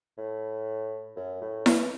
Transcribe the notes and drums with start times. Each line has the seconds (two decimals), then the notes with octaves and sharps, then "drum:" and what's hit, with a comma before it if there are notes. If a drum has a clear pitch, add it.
0.18 A2
1.16 F#2
1.41 A2
1.66 E3, drum: snare E4